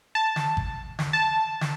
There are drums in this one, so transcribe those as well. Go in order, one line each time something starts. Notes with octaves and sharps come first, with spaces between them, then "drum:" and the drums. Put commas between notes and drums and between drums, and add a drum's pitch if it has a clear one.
A5
drum: snare
drum: kick G#1
drum: snare
A5
drum: snare